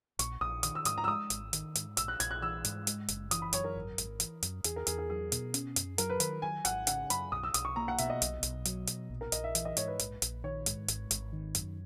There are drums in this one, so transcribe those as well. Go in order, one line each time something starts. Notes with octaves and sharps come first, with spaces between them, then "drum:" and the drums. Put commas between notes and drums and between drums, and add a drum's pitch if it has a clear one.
A#1 C#6, drum: hi-hat
A#1 D#6
D#3 D#6, drum: hi-hat
E6
G#2 D#6, drum: hi-hat
A#5
E6
G#3 D#6
G#1, drum: hi-hat
D#3, drum: hi-hat
G#2, drum: hi-hat
A#1 E6, drum: hi-hat
F#6
A#1 G#6, drum: hi-hat
F#6
E3 E6
G#2, drum: hi-hat
G#3, drum: hi-hat
F#1, drum: hi-hat
E3 D#6, drum: hi-hat
B5
F#2 C#5, drum: hi-hat
A#4
G#1
G#1, drum: hi-hat
E3, drum: hi-hat
F#2, drum: hi-hat
E2 G#4, drum: hi-hat
A#4
E2 G#4, drum: hi-hat
G#4
F#3 G#4
B2, drum: hi-hat
C#4, drum: hi-hat
F#2, drum: hi-hat
F#3 A#4, drum: hi-hat
B4
D#3 B4, drum: hi-hat
F#3 G#5
G#1 F#5, drum: hi-hat
C#3 F#5, drum: hi-hat
F#2 B5, drum: hi-hat
B1 D#6
E6
B1 D#6, drum: hi-hat
C#6
A#3 A#5
F#5
B2 E5, drum: hi-hat
D#5
B1, drum: hi-hat
B1, drum: hi-hat
F#3, drum: hi-hat
B2, drum: hi-hat
A#1
A#4
A#1 D#5, drum: hi-hat
E5
E3, drum: hi-hat
D#5
G#2 C#5, drum: hi-hat
B4
A#1, drum: hi-hat
A#1, drum: hi-hat
D#3 C#5
G#2, drum: hi-hat
G#1, drum: hi-hat
G#1, drum: hi-hat
D#3
F#2, drum: hi-hat